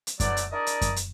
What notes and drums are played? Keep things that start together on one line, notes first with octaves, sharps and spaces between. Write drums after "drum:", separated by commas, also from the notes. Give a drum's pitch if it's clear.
drum: hi-hat
D3 E3 F#3 A3 D5, drum: kick F#2, hi-hat
drum: hi-hat
D4 E4 G#4 A#4 D5 D#5
drum: hi-hat
drum: kick F#2, hi-hat
drum: hi-hat